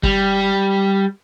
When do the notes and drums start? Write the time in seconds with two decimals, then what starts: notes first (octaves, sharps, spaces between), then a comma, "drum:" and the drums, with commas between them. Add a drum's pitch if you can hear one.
0.03 G3, drum: kick